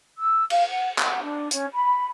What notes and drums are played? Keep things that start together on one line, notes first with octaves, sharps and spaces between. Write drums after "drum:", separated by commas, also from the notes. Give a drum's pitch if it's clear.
E6
F5, drum: cymbal
F#5
F#5, drum: clap
D4
C#4, drum: hi-hat
B5